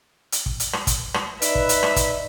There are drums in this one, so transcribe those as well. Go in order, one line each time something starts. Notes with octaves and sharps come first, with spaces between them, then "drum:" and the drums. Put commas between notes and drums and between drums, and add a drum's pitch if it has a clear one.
drum: hi-hat
drum: kick
drum: hi-hat
drum: rim click
drum: kick, hi-hat
drum: rim click
D#4 B4 D5 E5, drum: hi-hat
drum: kick
drum: hi-hat
drum: rim click
drum: kick, hi-hat